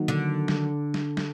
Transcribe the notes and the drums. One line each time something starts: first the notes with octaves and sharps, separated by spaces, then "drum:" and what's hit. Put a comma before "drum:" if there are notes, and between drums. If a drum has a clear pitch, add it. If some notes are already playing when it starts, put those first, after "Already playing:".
Already playing: D#3 F#3 A#3 D#4
D3
drum: snare
drum: snare
drum: snare